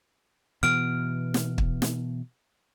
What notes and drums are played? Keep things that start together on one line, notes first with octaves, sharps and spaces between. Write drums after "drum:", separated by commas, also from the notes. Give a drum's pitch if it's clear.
B2 E3 B3 F6 D7
drum: snare
drum: kick
drum: snare